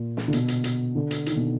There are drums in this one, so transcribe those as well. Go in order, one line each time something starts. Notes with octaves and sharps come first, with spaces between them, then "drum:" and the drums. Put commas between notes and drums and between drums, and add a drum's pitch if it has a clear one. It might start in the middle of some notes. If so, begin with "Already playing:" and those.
Already playing: A#2
drum: snare
D3
B2, drum: hi-hat
drum: hi-hat
drum: hi-hat
D3
drum: hi-hat
D#3, drum: hi-hat
B2